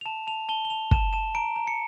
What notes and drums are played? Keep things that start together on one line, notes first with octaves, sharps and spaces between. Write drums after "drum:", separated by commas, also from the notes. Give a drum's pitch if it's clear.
F7
A5 E7
A5 F7
A5 G7
G7
A5 F7
A5 E7, drum: kick
A5 E7
A#5 D7
A#5
C#7